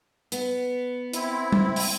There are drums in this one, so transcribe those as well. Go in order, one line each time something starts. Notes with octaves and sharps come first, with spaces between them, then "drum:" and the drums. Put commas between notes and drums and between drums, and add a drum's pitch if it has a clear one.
B3, drum: hi-hat
C4 E4, drum: hi-hat
drum: tom G3
drum: open hi-hat